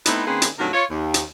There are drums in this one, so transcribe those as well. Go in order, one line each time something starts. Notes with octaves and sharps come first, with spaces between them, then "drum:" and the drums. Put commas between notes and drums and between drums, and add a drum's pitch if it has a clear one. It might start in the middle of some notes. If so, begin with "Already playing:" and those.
A3 B3 C4 D#4 E4 B4, drum: hi-hat
D#3 A#3 C4 C#4 G#4 B4
drum: hi-hat
G2 C3 D#3 F#3 A3 A#4
F4 C#5
D#2
drum: hi-hat